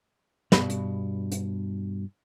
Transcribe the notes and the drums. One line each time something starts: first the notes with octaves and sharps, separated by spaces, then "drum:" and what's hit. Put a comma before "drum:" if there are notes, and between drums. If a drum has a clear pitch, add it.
G2 B2 B5, drum: snare
drum: hi-hat
drum: hi-hat